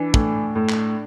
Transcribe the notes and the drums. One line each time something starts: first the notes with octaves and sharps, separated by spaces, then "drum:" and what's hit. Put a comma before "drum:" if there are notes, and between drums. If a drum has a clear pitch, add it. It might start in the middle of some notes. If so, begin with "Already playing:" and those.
Already playing: E3 D4
A2, drum: kick
A2
drum: clap